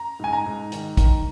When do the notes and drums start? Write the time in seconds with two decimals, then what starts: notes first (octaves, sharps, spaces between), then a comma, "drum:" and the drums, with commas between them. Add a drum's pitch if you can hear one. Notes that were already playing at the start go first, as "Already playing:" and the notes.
Already playing: A#5
0.19 G#2 G#5
0.33 A#5
0.46 G#2
0.72 D#3, drum: hi-hat
0.97 D#3, drum: kick, hi-hat